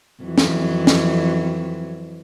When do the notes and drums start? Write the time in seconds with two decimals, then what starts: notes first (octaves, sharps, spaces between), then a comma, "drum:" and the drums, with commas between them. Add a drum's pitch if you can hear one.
0.22 F2 E3 F#3
0.38 drum: snare
0.87 drum: snare